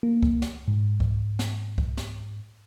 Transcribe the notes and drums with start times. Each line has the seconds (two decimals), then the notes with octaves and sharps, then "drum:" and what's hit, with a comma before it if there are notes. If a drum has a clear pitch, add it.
0.03 A#3
0.23 drum: kick C2
0.42 drum: snare
0.68 G#2
1.00 drum: kick C2
1.39 drum: snare
1.78 drum: kick C2
1.97 drum: snare